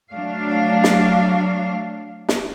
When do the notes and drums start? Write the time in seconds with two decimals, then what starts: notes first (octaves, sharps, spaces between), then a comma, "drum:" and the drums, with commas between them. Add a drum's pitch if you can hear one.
0.11 F#3 A3 D4 F5
0.84 drum: snare
2.29 drum: snare